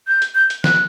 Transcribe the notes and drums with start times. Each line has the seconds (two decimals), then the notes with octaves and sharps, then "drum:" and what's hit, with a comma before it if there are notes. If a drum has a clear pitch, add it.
0.07 G6
0.22 drum: hi-hat
0.35 G6
0.50 drum: hi-hat
0.64 F#6, drum: snare